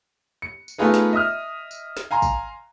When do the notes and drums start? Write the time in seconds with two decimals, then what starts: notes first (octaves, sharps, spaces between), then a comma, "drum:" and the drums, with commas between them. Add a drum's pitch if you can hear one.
0.42 C#7
0.68 drum: tambourine
0.78 A3 B3 D#4 F4 G#4 B4
0.94 drum: snare
1.13 D#5 E5 D#6 F6
1.71 drum: tambourine
1.97 drum: snare
2.11 F5 G#5 A#5 C6
2.22 drum: kick, tambourine